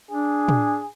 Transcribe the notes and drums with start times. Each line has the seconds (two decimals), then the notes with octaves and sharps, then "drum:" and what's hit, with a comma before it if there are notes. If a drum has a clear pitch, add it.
0.10 D4 G#4
0.48 drum: tom